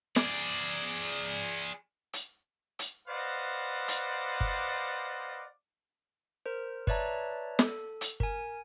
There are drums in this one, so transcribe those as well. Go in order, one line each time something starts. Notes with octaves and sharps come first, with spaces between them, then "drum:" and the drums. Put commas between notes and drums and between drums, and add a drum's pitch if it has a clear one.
G#4 D5, drum: snare
drum: hi-hat
drum: hi-hat
B4 C5 D5 D#5 F5 F#5
drum: hi-hat
drum: kick G1
A#4 C5
B4 C#5 D5 E5 A5 A#5, drum: kick G1
A4, drum: snare
drum: hi-hat
A#4 G#5, drum: kick G1